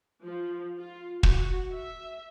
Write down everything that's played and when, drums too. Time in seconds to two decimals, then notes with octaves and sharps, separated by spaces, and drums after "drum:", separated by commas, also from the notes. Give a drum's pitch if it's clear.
0.23 F3
0.78 F4
1.23 F#4, drum: kick
1.73 E5